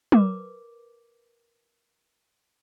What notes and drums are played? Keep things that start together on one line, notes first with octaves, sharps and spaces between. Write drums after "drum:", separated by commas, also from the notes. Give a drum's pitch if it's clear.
A#4 B4 D6, drum: tom